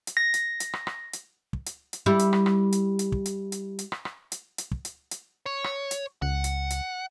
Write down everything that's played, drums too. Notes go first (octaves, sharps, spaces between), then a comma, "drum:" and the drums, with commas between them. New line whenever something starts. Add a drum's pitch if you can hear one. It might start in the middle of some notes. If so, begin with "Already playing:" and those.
drum: hi-hat
A#6
drum: hi-hat
drum: hi-hat
drum: rim click
drum: rim click
drum: hi-hat
drum: kick
drum: hi-hat
drum: hi-hat
G3 E4
drum: hi-hat
drum: rim click
drum: rim click
drum: hi-hat
drum: hi-hat
drum: kick
drum: hi-hat
drum: hi-hat
drum: hi-hat
drum: rim click
drum: rim click
drum: hi-hat
drum: hi-hat
drum: kick
drum: hi-hat
drum: hi-hat
C#5
drum: rim click
drum: hi-hat
C#2 F#5
drum: hi-hat
drum: hi-hat